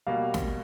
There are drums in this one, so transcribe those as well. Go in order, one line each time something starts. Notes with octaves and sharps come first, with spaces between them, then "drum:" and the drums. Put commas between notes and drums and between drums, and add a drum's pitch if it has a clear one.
B2 G3 A#3 F5
drum: snare